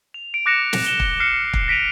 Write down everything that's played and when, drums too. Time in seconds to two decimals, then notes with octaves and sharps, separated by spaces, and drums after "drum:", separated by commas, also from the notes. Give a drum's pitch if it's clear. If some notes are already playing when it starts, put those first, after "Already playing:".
0.14 F7
0.34 D7
0.46 D6 F#6 A#6 C#7 E7 F7
0.73 drum: snare
0.86 E7 G7
1.00 drum: kick
1.20 F6 F#6 C7 C#7
1.53 drum: kick
1.68 A#6 B6 D7 D#7 F7